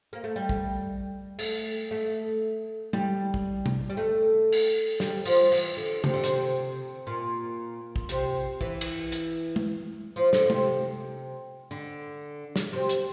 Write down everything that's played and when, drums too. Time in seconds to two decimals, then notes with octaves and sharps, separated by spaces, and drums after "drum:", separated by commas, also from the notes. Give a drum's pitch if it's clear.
0.13 A#3
0.24 A3
0.36 G3
0.49 drum: kick
1.39 A3, drum: cymbal
1.91 A3
2.93 G3, drum: tom
3.34 drum: kick
3.66 drum: tom
3.90 G3
3.97 A3
4.52 drum: cymbal
5.00 G3, drum: snare
5.25 F3, drum: cymbal
5.52 E3, drum: cymbal
5.77 D3
6.04 C3, drum: tom C#3
6.14 D3
6.24 C3, drum: hi-hat
7.07 A#2
7.96 drum: kick
8.09 C3, drum: hi-hat
8.61 E3, drum: kick
8.81 drum: cymbal
9.12 drum: hi-hat
9.56 drum: tom
10.16 F3
10.33 D3, drum: snare
10.45 D3
10.50 C3, drum: tom
11.71 D3
12.56 drum: snare
12.73 C3
12.89 drum: hi-hat